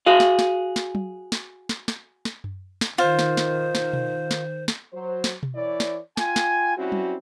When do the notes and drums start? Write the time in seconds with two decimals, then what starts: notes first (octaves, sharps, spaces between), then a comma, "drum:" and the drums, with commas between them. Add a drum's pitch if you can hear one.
0.06 F#4 G#4 F5
0.20 drum: snare
0.39 drum: snare
0.76 drum: snare
0.95 drum: tom F#3
1.32 drum: snare
1.69 drum: snare
1.88 drum: snare
2.25 drum: snare
2.44 drum: tom F#2
2.81 drum: snare
2.98 D#3 F4 C5
3.19 drum: snare
3.37 drum: snare
3.75 drum: snare
3.93 drum: tom B2
4.31 drum: snare
4.68 drum: snare
4.93 F#3 C5
5.24 drum: snare
5.43 drum: tom B2
5.55 E3 E4 C#5 D5
5.80 drum: snare
6.17 F4 G5 G#5, drum: snare
6.36 drum: snare
6.77 G3 C4 C#4 E4 F#4
6.92 drum: tom F#3